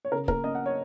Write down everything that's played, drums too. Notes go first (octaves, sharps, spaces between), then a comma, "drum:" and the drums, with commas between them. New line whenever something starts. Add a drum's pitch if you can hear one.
C#5
C#3 A#4
A#3 A#4, drum: kick
C#4 D#5
F#5
C#5